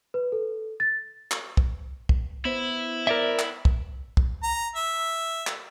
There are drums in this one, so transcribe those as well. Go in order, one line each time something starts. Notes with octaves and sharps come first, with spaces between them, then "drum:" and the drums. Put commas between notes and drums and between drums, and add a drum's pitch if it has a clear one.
B4
A4
A6
drum: clap
drum: kick
drum: kick
B3 E4 C5
A#4 D5 E5
drum: clap
drum: kick
drum: kick
A#5
E5
drum: clap